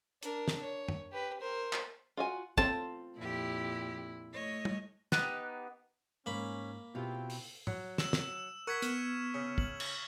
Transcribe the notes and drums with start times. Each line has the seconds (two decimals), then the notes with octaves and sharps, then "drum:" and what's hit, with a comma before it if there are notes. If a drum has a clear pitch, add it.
0.23 D4 A#4, drum: hi-hat
0.48 drum: snare
0.63 C#5
0.88 drum: tom F#2
1.12 G4 B4
1.40 A#4 C5
1.73 drum: clap
2.17 F4 F#4 G#5
2.57 C4 F4 A4 A5, drum: kick
3.18 F2 A#2 E4 G4
4.33 A3 C#5 D#5
4.65 drum: tom
5.12 B3 D#4 G4 F#6, drum: snare
6.26 G#2 A#3 C#4 B5
6.95 B2 C4 E4 F4 G4 G5
7.30 drum: open hi-hat
7.67 F#3, drum: tom A2
7.98 E6 E7, drum: snare
8.13 drum: snare
8.67 A#4 F#5 C#6 G#6 B6
8.82 B3 F6 C#7 E7, drum: hi-hat
9.34 C#3
9.58 F#7, drum: kick
9.80 drum: cymbal